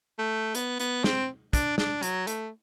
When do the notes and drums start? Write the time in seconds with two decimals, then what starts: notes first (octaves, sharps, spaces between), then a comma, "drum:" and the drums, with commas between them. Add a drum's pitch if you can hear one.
0.18 A3
0.55 B3, drum: hi-hat
0.79 B3, drum: hi-hat
1.04 C4, drum: snare
1.53 D4, drum: kick, hi-hat
1.78 D4, drum: snare
2.03 F#3, drum: hi-hat
2.27 A3, drum: hi-hat